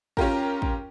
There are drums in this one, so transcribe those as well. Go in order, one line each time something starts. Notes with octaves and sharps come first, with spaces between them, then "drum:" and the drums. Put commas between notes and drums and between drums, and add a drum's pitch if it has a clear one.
C#4 F4 G4 A#4, drum: kick
drum: kick